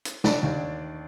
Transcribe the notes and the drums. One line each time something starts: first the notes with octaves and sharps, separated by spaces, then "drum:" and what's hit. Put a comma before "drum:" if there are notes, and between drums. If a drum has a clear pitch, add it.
drum: hi-hat
D#3 D4 D5, drum: snare
D#2